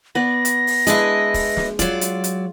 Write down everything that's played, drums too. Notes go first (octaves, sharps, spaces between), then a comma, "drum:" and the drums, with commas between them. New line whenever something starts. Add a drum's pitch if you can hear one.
B3 B4 D5 A#6
drum: hi-hat
drum: open hi-hat
G#3 D4 E4 B4 D#5, drum: hi-hat
drum: kick, open hi-hat
drum: snare
F#3 F4 D5, drum: kick, hi-hat
drum: hi-hat
drum: hi-hat